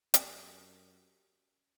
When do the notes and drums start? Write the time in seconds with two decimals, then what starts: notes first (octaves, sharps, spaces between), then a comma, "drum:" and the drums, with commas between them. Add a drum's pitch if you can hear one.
0.14 F#2 G4, drum: hi-hat